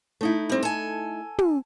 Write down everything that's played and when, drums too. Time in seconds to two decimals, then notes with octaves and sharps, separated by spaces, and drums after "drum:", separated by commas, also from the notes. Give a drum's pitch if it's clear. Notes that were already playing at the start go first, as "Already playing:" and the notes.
0.21 A3 D#4 E4
0.49 G3 C4
0.63 A4 G#5
1.39 drum: tom